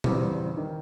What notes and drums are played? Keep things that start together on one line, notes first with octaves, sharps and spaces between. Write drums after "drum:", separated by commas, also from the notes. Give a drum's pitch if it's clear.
E2 C#3 E3 G3 C4, drum: tom A#2
D#3